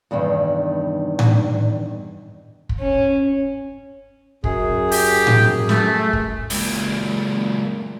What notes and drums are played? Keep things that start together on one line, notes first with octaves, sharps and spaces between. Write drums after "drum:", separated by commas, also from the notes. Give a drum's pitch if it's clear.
E2 G2 C3 D#3
drum: tom A2
drum: kick
C#4
F#2 G#4, drum: kick
G4, drum: open hi-hat
drum: tom A2
A3, drum: snare
drum: kick
C#2 A#2, drum: open hi-hat